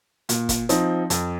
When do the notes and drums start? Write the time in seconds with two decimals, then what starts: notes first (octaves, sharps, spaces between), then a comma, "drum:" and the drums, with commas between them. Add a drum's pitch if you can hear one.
0.29 A#2, drum: hi-hat
0.49 drum: kick, hi-hat
0.69 F3 C4 D#4, drum: hi-hat
1.10 F2, drum: hi-hat